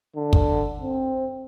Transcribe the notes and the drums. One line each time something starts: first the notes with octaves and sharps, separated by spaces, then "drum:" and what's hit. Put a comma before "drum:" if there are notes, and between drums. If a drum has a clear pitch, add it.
D3
drum: kick
C4